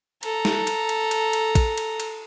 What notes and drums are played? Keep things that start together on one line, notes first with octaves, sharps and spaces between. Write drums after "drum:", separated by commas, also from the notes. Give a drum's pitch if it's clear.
A4 A#5, drum: cymbal
drum: snare
drum: cymbal
drum: cymbal
drum: cymbal
drum: cymbal
drum: kick, cymbal
drum: cymbal
drum: cymbal